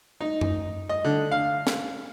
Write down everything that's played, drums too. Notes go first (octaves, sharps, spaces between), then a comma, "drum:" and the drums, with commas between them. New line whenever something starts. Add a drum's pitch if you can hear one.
D#4
drum: tom F#2
D#5
D3
F5
drum: snare